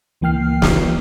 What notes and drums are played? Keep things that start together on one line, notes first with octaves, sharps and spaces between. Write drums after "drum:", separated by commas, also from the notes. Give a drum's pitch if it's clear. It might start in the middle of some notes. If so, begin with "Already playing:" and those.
C#2 E3 A#3 G5 F6 C7
drum: snare